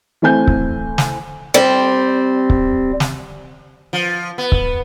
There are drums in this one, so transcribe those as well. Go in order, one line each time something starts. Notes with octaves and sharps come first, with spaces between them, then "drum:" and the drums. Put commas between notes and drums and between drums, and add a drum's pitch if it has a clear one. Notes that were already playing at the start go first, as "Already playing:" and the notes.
E3 A3 C4 G#5 G6
drum: kick C#1
drum: snare
G3 C4
drum: kick C#1
drum: snare
F3
B3
drum: kick C#1